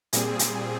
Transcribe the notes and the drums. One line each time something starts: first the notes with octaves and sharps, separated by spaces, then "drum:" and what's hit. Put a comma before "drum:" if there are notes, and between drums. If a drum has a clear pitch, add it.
A#2 G3 C4 G#4, drum: hi-hat
drum: hi-hat